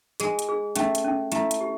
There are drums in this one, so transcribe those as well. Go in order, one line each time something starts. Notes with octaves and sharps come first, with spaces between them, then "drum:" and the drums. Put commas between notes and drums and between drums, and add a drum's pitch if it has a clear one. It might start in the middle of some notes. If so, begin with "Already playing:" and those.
G#3 G#4, drum: hi-hat
drum: hi-hat
G#4
A3 C#4, drum: hi-hat
drum: hi-hat
C#4
A3 E4, drum: hi-hat
drum: hi-hat
G4